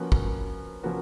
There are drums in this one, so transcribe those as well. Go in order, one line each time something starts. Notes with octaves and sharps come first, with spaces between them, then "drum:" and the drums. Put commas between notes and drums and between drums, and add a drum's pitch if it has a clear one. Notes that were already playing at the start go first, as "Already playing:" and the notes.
Already playing: F3 A#3 C#4 F#4 B4
drum: kick
F3 A#3 C#4 F#4 B4